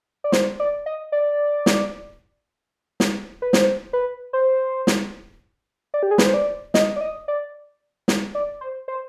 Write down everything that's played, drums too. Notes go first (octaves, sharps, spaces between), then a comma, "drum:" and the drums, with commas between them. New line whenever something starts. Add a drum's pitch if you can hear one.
D5
C5, drum: snare
D5
D#5
D5
drum: snare
drum: snare
B4
C5, drum: snare
B4
C5
drum: snare
D5
G4
G#4
B4, drum: snare
C5
D5
D#5, drum: snare
D5
D#5
D5
drum: snare
D5
C5
C5